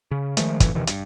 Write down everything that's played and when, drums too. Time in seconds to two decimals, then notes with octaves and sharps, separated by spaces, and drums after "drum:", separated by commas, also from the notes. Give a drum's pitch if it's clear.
0.11 C#3
0.37 D#3 F3 G#3 A3, drum: hi-hat
0.60 F#2 A2 E3, drum: kick, hi-hat
0.75 E2 C3 D#3 E3
0.87 G2, drum: hi-hat